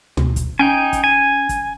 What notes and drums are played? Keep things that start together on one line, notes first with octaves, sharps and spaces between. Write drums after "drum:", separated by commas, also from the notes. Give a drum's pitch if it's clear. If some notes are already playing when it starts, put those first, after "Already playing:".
D2, drum: tom
drum: kick, hi-hat
C#4 D#4 G5 G#5
drum: kick, hi-hat
G#5
drum: kick, hi-hat